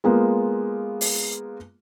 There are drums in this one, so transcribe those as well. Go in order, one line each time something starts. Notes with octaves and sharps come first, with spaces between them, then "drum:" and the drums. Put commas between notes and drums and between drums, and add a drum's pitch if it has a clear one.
G#3 A#3 B3 F4
drum: open hi-hat